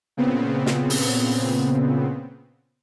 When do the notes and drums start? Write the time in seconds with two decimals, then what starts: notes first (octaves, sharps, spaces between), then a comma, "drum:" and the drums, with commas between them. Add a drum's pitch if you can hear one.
0.17 A#2 C#3 B3 C4
0.66 drum: snare
0.90 drum: open hi-hat